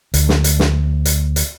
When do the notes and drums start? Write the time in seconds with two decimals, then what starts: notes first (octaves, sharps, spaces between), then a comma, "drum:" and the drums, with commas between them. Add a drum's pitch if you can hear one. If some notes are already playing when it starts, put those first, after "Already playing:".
0.14 D2, drum: hi-hat
0.29 drum: snare
0.44 drum: hi-hat
0.60 drum: snare
1.05 drum: hi-hat
1.36 drum: hi-hat